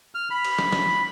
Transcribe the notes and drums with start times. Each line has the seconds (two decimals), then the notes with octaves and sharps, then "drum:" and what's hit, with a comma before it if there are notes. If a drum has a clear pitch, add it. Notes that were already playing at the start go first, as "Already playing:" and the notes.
0.15 F6
0.31 B5
0.45 drum: cymbal
0.58 drum: snare
0.72 drum: snare